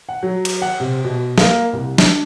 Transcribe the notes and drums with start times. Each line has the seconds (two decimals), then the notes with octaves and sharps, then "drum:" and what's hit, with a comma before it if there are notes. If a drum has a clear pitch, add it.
0.09 F#5
0.23 F#3
0.45 drum: cymbal
0.62 F#5
0.80 C3
1.04 B2
1.38 A#3, drum: snare
1.73 C2
1.98 D4, drum: snare